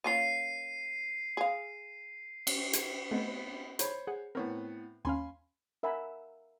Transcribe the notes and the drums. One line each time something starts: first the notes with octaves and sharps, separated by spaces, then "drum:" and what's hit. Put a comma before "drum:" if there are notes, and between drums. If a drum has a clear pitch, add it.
A#3 C#4 F4 C7 D#7
G#4 F5
drum: cymbal
drum: hi-hat
A3 B3 C4 D#5
C5 C#5 B5, drum: hi-hat
G#4 F#5
A2 B3 C4 A#4 C#5
D#2 C#4 F5 G#5 B5 C6
A#4 E5 F#5 G#5 B5